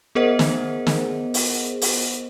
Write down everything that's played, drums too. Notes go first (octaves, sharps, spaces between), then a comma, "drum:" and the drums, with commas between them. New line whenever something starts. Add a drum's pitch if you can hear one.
B3 G#4 A#4 C5 D#5 F#5
drum: snare
drum: snare
drum: open hi-hat
drum: open hi-hat